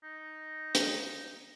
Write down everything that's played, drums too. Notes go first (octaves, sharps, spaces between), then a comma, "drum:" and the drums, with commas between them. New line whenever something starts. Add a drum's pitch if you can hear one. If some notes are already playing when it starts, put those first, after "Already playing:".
D#4
drum: hi-hat